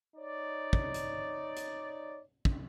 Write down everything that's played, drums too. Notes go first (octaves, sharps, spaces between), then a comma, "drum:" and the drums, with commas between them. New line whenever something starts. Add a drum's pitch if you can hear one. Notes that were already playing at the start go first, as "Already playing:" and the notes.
D#4 C#5 D5
drum: kick
drum: hi-hat
drum: hi-hat
drum: kick